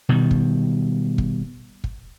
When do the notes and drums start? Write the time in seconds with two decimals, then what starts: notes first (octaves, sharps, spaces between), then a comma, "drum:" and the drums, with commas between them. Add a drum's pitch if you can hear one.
0.09 B2 D#3 G3
0.31 drum: kick
1.18 drum: kick
1.84 drum: kick